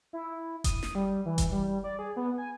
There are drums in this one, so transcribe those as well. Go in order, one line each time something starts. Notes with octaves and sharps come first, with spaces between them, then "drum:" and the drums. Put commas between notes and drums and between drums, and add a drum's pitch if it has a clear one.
E4
D#6, drum: kick F1, hi-hat
drum: snare
G3
E3
drum: kick F1, hi-hat
G3
G3
D5
G#4
B3
G#5